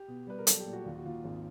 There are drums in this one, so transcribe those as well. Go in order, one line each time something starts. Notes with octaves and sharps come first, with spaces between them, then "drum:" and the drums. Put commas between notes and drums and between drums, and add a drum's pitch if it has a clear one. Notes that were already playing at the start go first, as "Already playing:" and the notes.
Already playing: G4
B2
G3 B4
A#4
F#3 A4, drum: hi-hat
G4
A#2
F#4
D#2 F4
F#4
D#2 F4
G#1